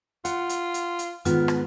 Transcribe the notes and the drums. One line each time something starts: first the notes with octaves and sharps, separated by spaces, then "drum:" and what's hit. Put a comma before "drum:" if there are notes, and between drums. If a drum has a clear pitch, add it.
F4 F#5, drum: hi-hat
drum: hi-hat
drum: hi-hat
drum: hi-hat
G#2 D#3 B3 F4, drum: hi-hat
drum: rim click